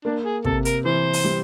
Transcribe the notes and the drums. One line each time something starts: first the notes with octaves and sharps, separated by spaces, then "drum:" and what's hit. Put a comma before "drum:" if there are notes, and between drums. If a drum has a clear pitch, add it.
A#3 D4
G#4
C3 A4, drum: kick
A#4, drum: hi-hat
E3 C5
drum: open hi-hat
G3